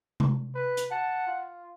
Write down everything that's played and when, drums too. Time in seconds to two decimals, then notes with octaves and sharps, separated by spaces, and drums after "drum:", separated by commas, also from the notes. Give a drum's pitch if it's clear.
0.20 drum: tom C3
0.55 B4
0.77 drum: hi-hat
0.91 F#5 A5
1.27 F4